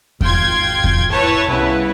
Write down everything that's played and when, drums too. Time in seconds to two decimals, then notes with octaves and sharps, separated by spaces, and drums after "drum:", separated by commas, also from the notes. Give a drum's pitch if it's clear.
0.21 G#1 F4 G5 C6 G#6, drum: kick E2
0.84 drum: kick E2
1.10 E4 B4 C#5 A5 C#6
1.47 C2 C#3 B3 E4 B4